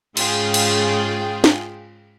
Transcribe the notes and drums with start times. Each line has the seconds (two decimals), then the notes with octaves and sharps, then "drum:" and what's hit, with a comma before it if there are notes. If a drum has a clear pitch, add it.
0.17 G#2 C#3 F4 G#4 G5, drum: cymbal
0.54 drum: cymbal
1.44 drum: snare